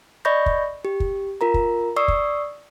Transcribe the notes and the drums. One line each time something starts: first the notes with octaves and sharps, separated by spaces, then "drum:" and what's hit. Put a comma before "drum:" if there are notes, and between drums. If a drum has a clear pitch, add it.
D5 D#5 B5 C#6 G6 A#6
drum: kick
G4
drum: kick
F4 A#4 A#5
drum: kick
D5 C#6 D#6 E6 C7
drum: kick